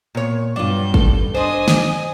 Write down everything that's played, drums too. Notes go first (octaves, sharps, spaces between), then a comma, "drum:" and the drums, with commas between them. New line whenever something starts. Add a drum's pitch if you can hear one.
A#2 C#5
G2 B3 D4 F4 G6
A4, drum: kick
D4 C5 D#5 G#5 D#6
drum: snare